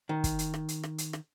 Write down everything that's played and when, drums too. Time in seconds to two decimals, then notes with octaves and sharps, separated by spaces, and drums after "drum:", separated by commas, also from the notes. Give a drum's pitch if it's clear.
0.09 D#3
0.24 drum: kick, hi-hat
0.39 drum: hi-hat
0.54 drum: rim click
0.68 drum: hi-hat
0.83 drum: rim click
0.98 drum: hi-hat
1.13 drum: rim click